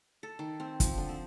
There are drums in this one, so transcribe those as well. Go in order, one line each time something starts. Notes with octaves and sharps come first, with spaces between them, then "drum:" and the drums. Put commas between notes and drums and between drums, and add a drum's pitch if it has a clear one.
A4
D#3
C4
F3, drum: kick, hi-hat
D3
C4